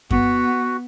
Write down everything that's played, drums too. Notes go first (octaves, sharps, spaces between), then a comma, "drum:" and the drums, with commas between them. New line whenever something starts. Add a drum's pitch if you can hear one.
B3 F#4, drum: kick F#2